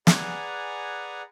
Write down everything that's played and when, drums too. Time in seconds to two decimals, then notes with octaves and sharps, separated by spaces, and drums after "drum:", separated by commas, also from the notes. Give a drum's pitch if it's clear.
0.07 G#4 B4 D5 F#5 G#5 A#5, drum: snare